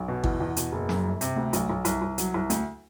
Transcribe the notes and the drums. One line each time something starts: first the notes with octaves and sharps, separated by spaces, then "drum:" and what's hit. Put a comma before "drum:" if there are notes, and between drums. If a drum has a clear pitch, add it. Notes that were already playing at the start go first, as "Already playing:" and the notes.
Already playing: B1
B2
E2, drum: kick G#1
E2
B2, drum: hi-hat
F#1
F#2, drum: snare
G1
C3, drum: hi-hat
D2
B1, drum: hi-hat
B1
C2, drum: hi-hat
C2
F#3, drum: hi-hat
C2
D2, drum: hi-hat